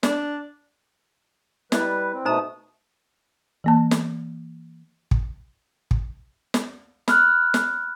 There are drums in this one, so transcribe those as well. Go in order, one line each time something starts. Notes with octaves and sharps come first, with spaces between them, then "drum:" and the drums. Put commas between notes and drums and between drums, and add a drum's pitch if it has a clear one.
D4, drum: snare
G3 E4 B4 D5 D#5, drum: snare
C4
B2 A3 D#4 C5 A#5 D#6
E3 A#3 A5
drum: snare
drum: kick
drum: kick
drum: snare
B5 F6 F#6, drum: snare
drum: snare